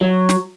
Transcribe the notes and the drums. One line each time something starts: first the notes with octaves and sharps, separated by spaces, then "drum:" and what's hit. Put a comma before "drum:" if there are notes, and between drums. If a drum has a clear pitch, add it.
F#3
drum: snare